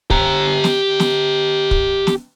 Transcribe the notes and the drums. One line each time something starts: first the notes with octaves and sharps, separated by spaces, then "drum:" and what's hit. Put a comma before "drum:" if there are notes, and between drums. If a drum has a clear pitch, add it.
G4 A#5, drum: kick
drum: snare
drum: snare
drum: kick
drum: snare